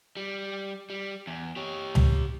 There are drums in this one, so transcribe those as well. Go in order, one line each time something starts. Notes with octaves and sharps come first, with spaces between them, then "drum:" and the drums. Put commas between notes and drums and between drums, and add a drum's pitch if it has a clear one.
G3
G3
E2
G4 C#5
drum: tom C#2